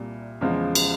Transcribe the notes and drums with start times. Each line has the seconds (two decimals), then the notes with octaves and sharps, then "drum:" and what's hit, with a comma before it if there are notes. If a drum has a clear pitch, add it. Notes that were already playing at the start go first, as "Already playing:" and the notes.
Already playing: C2 A#2 G3
0.41 E2 C#3 F3 G#3
0.75 drum: cymbal